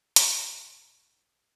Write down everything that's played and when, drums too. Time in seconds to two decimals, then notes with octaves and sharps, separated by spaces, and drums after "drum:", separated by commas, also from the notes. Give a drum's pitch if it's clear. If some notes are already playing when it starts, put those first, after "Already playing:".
0.16 B1 G#2 B2, drum: hi-hat